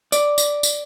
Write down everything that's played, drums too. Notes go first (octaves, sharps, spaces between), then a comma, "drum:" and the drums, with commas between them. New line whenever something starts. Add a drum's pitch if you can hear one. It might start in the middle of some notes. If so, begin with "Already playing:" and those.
D5, drum: tambourine
drum: tambourine
drum: tambourine